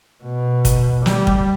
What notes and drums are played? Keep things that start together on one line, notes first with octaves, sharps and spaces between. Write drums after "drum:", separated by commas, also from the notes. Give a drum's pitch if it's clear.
B2
drum: kick, hi-hat
G3, drum: snare
drum: kick